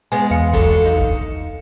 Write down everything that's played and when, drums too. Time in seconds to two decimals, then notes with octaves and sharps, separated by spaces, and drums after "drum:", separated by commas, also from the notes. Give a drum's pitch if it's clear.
0.12 G#3 B3 G#5
0.31 E2 F5 C#7
0.53 D3 F#3 A4, drum: kick
0.86 D#4
0.98 drum: kick